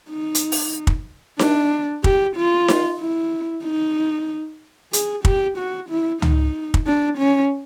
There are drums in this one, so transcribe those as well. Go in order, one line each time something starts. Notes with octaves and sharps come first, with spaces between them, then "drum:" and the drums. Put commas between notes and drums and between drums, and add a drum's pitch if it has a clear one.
D#4
drum: hi-hat
drum: open hi-hat
drum: kick
D4, drum: snare D#4
G4, drum: kick
F4
drum: snare D#4
E4
D#4
G#4, drum: hi-hat
G4, drum: kick
F#4
E4
D#4, drum: tom C#2
drum: kick
D4
C#4